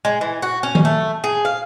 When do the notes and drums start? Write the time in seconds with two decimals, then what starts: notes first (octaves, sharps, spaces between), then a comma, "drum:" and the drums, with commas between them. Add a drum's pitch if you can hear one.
0.05 G#3
0.21 E3
0.42 F#4
0.63 C#4
0.75 drum: tom D#3
0.85 A3
1.24 G#4
1.45 F5